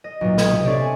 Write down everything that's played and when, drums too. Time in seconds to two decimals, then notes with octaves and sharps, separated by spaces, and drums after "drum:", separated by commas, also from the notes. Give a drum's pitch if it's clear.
0.04 D#5
0.21 B1 A#2
0.38 D#6 G#6, drum: snare
0.53 C3
0.65 C4 D4 A4 C#5 D5 E5
0.80 G#5